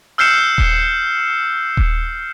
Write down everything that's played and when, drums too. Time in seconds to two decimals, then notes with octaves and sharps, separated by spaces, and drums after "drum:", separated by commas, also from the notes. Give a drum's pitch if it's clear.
0.18 E6 F6 G6 C7 C#7 E7
0.58 drum: kick D#1
1.77 drum: kick D#1